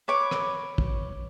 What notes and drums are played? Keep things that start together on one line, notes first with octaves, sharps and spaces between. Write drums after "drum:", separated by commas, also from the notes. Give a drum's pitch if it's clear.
B4 C#5 D6
drum: rim click
drum: kick